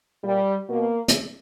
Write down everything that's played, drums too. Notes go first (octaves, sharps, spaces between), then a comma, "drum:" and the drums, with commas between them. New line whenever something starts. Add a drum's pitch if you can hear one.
A#2 G3
B2 A#3
drum: hi-hat